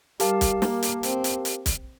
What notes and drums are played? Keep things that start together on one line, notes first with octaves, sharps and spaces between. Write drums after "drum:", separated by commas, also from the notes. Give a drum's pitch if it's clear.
G3 G4 A#4 F5 A5, drum: hi-hat
drum: kick, hi-hat
A#3, drum: snare
drum: hi-hat
C4, drum: hi-hat
drum: hi-hat
drum: hi-hat
drum: kick, hi-hat